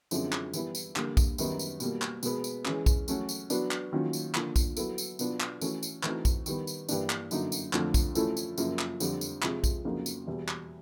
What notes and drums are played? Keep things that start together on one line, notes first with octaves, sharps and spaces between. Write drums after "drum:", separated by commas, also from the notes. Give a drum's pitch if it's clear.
F#2 D3 F3 G#3 C4, drum: tambourine
drum: clap
E3 G3 B3 E4, drum: tambourine
drum: tambourine
D3 G3 A#3, drum: clap
drum: kick A#1, tambourine
F#2 D#3 G3 B3 D#4, drum: tambourine
drum: tambourine
B2 G3 A#3, drum: tambourine
drum: clap
B2 G#3 B3, drum: tambourine
drum: tambourine
E3 G#3 C#4, drum: clap
drum: kick A#1, tambourine
F#3 A3 C#4 F#4, drum: tambourine
drum: tambourine
F#3 B3 D4 F#4, drum: tambourine
drum: clap
D#3 F#3 A#3 C#4 F4
drum: tambourine
D3 F3 A#3, drum: clap
drum: kick A#1, tambourine
F#3 B3 E4 A4, drum: tambourine
drum: tambourine
B2 F#3 B3 D4 F4, drum: tambourine
drum: clap
E3 A3 C#4 F#4 A4, drum: tambourine
drum: tambourine
E3 A3 C4 D#4 F#4, drum: clap
drum: kick A#1, tambourine
D#3 G3 B3, drum: tambourine
drum: tambourine
G2 E3 G3 A#3 D4, drum: tambourine
drum: clap
F#2 D3 F#3 A#3 D#4, drum: tambourine
drum: tambourine
F2 D3 F3 A3, drum: clap
drum: kick A#1, tambourine
F3 A3 C#4 E4 A4, drum: tambourine
drum: tambourine
F#2 C#3 F3 A#3, drum: tambourine
drum: clap
F2 D3 G3 C4, drum: tambourine
drum: tambourine
C3 F3 G#3, drum: clap
drum: kick A#1, tambourine
F2 C#3 F#3 A#3 D#4
drum: tambourine
E2 B2 G3
drum: clap